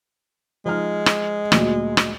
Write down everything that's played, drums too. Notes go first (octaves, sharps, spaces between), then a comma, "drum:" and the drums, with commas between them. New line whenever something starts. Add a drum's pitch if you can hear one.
F3 G#3 D#4 F6
drum: rim click
D2 A#2 F#3, drum: rim click
drum: rim click